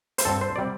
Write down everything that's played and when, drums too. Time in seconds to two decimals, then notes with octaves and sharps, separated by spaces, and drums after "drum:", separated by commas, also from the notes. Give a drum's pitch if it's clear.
0.18 C5, drum: hi-hat
0.25 G2 G3 C4 A4
0.41 C5
0.56 C3 G3 C4 D5